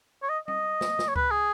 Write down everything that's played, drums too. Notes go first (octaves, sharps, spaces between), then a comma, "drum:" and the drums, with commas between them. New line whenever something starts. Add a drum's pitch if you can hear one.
C#5
D#5
D#5, drum: tom G3
drum: snare
drum: snare
C#5
B4, drum: kick C#2
G#4